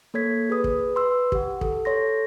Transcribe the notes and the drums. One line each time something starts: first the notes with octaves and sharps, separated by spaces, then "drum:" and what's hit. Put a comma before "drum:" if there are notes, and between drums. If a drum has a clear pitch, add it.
A#3 A4 C#5 G#6 B6
G#4 B4 D#6
drum: kick
B4 C6 E6
G4 F#5, drum: kick
A4, drum: kick
A4 C#5 C6 A#6